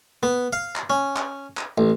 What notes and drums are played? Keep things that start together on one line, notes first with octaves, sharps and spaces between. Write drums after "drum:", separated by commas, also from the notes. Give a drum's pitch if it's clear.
B3
F5
drum: clap
C#4
drum: clap
drum: clap
A1